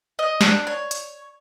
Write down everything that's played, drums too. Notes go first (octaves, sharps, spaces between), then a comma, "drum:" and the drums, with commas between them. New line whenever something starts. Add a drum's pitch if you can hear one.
D#5
D4, drum: snare
C#5
drum: hi-hat